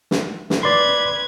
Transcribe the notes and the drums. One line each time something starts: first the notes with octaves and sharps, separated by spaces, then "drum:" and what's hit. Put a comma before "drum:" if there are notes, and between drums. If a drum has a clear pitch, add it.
drum: snare
drum: snare
B4 D5 C6 G#6